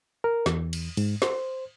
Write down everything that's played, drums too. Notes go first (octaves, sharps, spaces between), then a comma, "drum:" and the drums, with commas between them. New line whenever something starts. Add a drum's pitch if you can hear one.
A#4
E2, drum: snare
drum: cymbal
G#2, drum: cymbal
C5, drum: snare